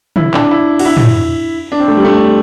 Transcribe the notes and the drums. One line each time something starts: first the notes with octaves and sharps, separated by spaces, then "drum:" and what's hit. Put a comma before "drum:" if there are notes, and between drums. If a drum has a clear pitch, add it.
E4, drum: tom
D4, drum: clap
E4
F#4, drum: cymbal
E4
drum: tom
D4
C4
A3
G3
A3